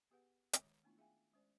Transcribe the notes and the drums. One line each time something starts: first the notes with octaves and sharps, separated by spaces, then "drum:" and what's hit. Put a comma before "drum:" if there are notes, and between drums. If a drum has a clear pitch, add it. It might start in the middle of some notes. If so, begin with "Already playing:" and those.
B3 G4 G#4 B4 F#5
D#3 G#3 C#5 D6, drum: hi-hat
A3 B3 C#4 D4 E4 F4
G#4 E5 F5 G5 G#5
G#3 C#4 C5 D5